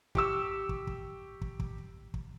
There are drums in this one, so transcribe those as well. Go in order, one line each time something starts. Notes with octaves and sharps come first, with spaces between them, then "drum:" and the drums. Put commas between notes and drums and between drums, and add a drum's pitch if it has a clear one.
G4 C#6 E6, drum: kick
drum: kick
drum: kick
drum: kick
drum: kick
drum: kick